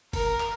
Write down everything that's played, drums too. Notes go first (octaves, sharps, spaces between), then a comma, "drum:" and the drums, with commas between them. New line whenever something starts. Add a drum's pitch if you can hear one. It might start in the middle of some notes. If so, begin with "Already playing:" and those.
A#4, drum: kick, open hi-hat
drum: clap